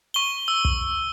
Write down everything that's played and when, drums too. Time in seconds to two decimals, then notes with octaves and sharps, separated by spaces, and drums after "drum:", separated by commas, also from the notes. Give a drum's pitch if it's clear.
0.14 C#6 G7
0.48 E6
0.65 drum: kick